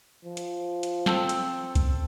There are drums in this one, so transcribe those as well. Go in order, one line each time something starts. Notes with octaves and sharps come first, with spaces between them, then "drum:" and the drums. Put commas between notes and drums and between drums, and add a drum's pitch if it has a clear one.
F3
drum: hi-hat
drum: hi-hat
C4 A4, drum: snare
drum: hi-hat
drum: kick C2, hi-hat